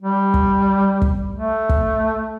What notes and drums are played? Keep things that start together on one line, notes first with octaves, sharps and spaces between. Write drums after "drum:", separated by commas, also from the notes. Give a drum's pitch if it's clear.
G3
drum: kick
drum: kick
A3
drum: kick